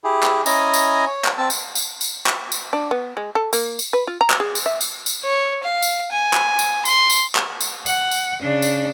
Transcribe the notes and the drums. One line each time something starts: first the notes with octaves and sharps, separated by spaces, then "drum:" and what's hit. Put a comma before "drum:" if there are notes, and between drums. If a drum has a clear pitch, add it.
E4 G4 G#4
drum: clap
C#4 E4 D#5 G#5 A#5, drum: tambourine
drum: tambourine
C#5
drum: clap
C4 A5 E6
drum: tambourine
drum: tambourine
drum: tambourine
drum: clap
drum: tambourine
D4
B3
G#3
A4
A#3, drum: tambourine
drum: tambourine
B4
F4
A#5
drum: clap
G#4
drum: tambourine
E5
drum: tambourine
drum: tambourine
C#5
F5
drum: tambourine
G#5
drum: clap
drum: tambourine
C6, drum: tambourine
drum: tambourine
drum: clap
drum: tambourine
F#5, drum: tambourine
drum: tambourine
C#3 D4
drum: tambourine